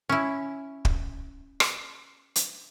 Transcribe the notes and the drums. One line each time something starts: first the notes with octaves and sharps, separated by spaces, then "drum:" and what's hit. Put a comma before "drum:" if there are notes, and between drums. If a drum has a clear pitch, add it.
C#4 E4
drum: kick
drum: rim click
drum: hi-hat